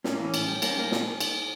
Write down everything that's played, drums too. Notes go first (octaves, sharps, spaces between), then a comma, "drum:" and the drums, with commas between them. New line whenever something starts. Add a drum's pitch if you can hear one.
A2 C#4, drum: snare
E3 A#3
C#4
A2, drum: cymbal
G3
G3 A#3, drum: cymbal
C#4
G3 A#3
A#2, drum: snare
drum: cymbal